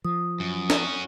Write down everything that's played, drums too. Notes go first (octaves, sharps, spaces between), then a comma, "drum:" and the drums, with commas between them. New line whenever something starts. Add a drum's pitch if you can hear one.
F3 D#6
F#2
C#4 F#4, drum: snare